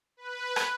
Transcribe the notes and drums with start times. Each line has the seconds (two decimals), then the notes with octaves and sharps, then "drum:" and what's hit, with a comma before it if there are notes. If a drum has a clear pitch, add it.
0.17 B4
0.56 drum: rim click